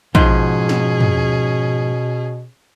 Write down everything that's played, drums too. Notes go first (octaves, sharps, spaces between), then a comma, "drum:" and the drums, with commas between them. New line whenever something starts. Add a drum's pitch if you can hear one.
G#2 B2 F3 C#4 G#4, drum: kick
drum: snare
drum: tom